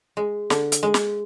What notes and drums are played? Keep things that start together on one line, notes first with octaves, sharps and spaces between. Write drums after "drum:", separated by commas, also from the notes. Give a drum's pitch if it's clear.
G#3
D3, drum: snare
drum: hi-hat
G#3
drum: snare